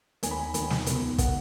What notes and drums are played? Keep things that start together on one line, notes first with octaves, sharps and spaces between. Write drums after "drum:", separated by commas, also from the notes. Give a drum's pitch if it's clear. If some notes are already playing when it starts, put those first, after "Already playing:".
D#2 D#3 G#5, drum: hi-hat
B5
G#5
D#2 D#3, drum: hi-hat
drum: snare
C#2 B2, drum: hi-hat
B2 F#5, drum: kick, hi-hat